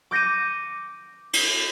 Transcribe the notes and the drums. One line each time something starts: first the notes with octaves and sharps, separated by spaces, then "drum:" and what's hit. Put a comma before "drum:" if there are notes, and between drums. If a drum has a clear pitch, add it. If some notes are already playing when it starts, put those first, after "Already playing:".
D6 G6 A#6 C#7 D#7
drum: cymbal